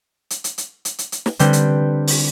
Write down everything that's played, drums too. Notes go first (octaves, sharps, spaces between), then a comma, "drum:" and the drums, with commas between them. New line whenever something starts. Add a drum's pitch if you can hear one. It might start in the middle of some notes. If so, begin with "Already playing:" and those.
drum: hi-hat
drum: hi-hat
drum: hi-hat
drum: hi-hat
drum: hi-hat
drum: hi-hat
drum: snare
D3 G3 C4 B4 G5, drum: hi-hat
drum: hi-hat
drum: open hi-hat